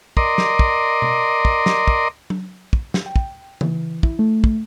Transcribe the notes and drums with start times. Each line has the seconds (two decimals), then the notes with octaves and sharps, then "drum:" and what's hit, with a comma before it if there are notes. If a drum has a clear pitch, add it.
0.17 A#4 D5 D#5 C6, drum: kick
0.38 drum: snare
0.59 drum: kick
1.02 drum: tom B2
1.45 drum: kick
1.66 drum: snare
1.88 drum: kick
2.30 drum: tom F#3
2.73 drum: kick
2.94 drum: snare
3.06 G5
3.16 drum: kick
3.61 E3, drum: tom C#3
4.03 E4, drum: kick
4.19 A3
4.44 drum: kick